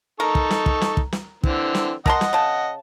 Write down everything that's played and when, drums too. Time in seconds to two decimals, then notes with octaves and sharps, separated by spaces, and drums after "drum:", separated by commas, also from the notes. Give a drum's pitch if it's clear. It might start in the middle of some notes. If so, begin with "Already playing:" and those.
0.20 D#4 A4 A#4 C#6
0.35 drum: kick
0.50 drum: snare
0.66 drum: kick
0.81 drum: snare
0.97 drum: kick
1.12 drum: snare
1.43 D3 E3 C4, drum: kick
1.74 drum: snare
2.06 A#4 D#5 F#5 A5 C6, drum: kick
2.21 drum: snare
2.33 C#3 A5